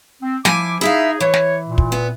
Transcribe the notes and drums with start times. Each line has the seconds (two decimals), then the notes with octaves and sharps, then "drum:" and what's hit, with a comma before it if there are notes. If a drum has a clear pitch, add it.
0.22 C4
0.45 F3 E4 G#5 D6, drum: snare
0.81 D#4 E4 G#4 E5 F5
1.20 E3 C#5
1.34 drum: snare
1.67 A#2
1.78 drum: kick
1.92 B3